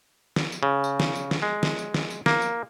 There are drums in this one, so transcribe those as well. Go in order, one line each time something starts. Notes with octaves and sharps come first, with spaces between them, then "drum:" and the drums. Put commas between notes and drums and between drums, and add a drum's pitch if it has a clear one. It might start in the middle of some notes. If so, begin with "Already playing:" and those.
drum: snare
drum: tambourine
C#3
drum: tambourine
drum: snare
drum: tambourine
drum: snare
G#3
drum: snare
drum: tambourine
drum: snare
drum: tambourine
A#3, drum: snare
drum: tambourine